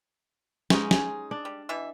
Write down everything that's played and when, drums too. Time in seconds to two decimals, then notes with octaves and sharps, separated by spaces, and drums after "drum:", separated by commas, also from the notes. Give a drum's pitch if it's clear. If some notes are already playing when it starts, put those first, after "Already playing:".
0.70 G#3 B3 C#4 D#4, drum: snare
0.91 G#4, drum: snare
1.31 D4
1.45 G3
1.69 B2 E3 E5